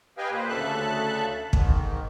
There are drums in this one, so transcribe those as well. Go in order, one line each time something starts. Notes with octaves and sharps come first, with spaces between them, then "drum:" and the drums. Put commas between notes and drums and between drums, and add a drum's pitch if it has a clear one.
G4 B4 D#5 F5 G5 G#5
A#2 A#3 B4 C5
D2 C#3 A4 E5 A5 F#6
G#2 D#3, drum: kick